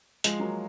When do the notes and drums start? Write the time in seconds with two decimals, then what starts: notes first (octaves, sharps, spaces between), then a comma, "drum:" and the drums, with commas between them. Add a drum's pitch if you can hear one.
0.24 F3 G#3, drum: hi-hat
0.40 F#3 A#3